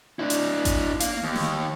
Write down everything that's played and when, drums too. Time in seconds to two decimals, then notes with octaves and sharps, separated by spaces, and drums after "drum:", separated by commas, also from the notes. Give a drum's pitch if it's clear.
0.19 D4 E4
0.30 drum: hi-hat
0.65 drum: kick G#1, hi-hat
1.00 A#3 F5, drum: hi-hat
1.24 D#2
1.36 drum: snare